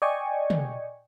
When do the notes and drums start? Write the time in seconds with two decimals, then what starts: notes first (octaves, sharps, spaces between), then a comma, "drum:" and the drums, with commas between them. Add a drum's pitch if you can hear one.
0.02 D5 D#5 G5 G#5 C#6
0.50 drum: tom